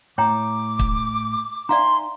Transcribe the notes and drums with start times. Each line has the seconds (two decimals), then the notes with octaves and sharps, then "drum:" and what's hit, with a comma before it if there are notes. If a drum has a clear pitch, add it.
0.18 A2 C#5 G5 A#5 D6
0.79 drum: kick
1.69 D#4 D5 E5 F5 G#5 A#5 C6